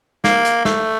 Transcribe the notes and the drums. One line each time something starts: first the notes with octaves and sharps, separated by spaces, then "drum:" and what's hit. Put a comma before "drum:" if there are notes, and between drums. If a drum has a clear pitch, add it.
A#3, drum: snare
drum: hi-hat
A3, drum: snare